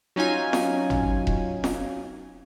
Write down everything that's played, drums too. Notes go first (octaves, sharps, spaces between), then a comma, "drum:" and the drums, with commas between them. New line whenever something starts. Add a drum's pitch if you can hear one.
F#3 C#4 D#4 F4 G#5
drum: snare
drum: tom G#1
drum: kick E1
drum: snare